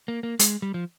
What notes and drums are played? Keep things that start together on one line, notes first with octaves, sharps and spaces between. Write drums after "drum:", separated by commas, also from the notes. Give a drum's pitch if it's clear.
A#3
A#3
G#3, drum: hi-hat
G3
F3